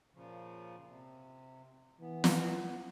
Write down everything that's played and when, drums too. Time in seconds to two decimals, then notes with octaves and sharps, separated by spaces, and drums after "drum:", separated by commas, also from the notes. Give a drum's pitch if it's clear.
0.14 A#2 C#3 F3
0.86 C3
2.01 E3 B3
2.24 drum: snare